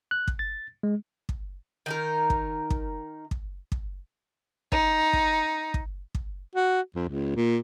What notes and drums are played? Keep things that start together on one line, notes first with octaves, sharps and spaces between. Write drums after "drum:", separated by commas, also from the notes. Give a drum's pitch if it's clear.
F#6
drum: kick
A6
G#3
drum: kick
D#3 D#4 A#4
drum: kick
drum: kick
drum: kick
drum: kick
D#4, drum: kick
drum: kick
drum: kick
drum: kick
F#4
F2
C#2
A#2